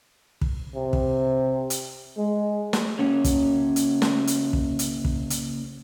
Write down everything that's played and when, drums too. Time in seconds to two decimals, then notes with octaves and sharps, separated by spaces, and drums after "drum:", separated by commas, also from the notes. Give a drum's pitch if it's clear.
0.41 drum: kick
0.75 C3
0.93 drum: kick
1.70 drum: hi-hat
2.17 G#3
2.73 drum: snare
2.99 C#3 A#3 C#4 C#5
3.24 drum: kick, hi-hat
3.76 drum: hi-hat
4.02 drum: snare
4.27 drum: hi-hat
4.53 drum: kick
4.79 drum: hi-hat
5.05 drum: kick
5.30 drum: hi-hat